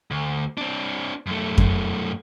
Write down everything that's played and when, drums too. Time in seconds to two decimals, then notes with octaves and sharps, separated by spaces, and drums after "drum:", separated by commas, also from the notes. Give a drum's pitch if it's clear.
0.11 D2
0.58 C4 D4
1.26 F#2 A3
1.58 drum: kick F2